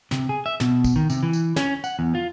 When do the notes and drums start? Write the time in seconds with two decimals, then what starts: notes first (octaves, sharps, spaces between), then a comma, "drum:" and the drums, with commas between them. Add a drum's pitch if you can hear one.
0.11 C3, drum: snare
0.29 G#4
0.46 E5
0.60 B2, drum: snare
0.84 drum: kick, tambourine
0.96 D#3
1.10 C3, drum: tambourine
1.23 E3
1.33 drum: tambourine
1.56 C#4, drum: snare
1.84 F#5, drum: tambourine
1.99 E2
2.15 F4